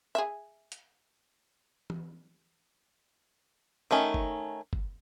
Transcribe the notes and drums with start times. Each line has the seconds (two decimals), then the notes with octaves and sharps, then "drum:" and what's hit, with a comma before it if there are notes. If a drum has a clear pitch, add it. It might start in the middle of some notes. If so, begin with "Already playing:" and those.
0.15 G#4 E5
0.72 drum: hi-hat
1.90 drum: tom
3.91 D#3 A3 C#4 D#4
4.14 drum: kick
4.73 drum: kick